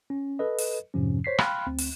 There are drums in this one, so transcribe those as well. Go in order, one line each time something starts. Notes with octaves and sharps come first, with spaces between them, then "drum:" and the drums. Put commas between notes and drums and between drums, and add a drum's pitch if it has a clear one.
C#4
A4 B4 D#5
drum: open hi-hat
F2 G#2 C3 F3 C#4
C5 C#5 B6 C7
F5 G5 B5 C6 F6 F#6, drum: rim click
D2 C4
drum: open hi-hat